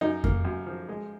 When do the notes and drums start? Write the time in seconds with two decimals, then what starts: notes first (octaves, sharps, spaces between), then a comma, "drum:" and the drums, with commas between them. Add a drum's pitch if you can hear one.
0.01 F#2 D#4
0.24 A#3, drum: kick F2
0.45 F#2
0.67 F3
0.89 G#3